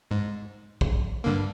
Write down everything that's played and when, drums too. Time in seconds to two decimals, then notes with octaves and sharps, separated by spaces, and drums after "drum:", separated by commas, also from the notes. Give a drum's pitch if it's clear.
0.11 G#2
0.81 drum: kick
1.24 G2 D3 A#3